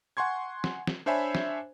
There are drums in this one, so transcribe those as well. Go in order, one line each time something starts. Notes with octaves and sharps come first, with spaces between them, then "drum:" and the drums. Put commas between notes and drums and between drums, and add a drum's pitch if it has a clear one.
F#5 G#5 C6 C#6 G#6
drum: snare
drum: snare
D4 C5 C#5 E5 G#5 B5
drum: snare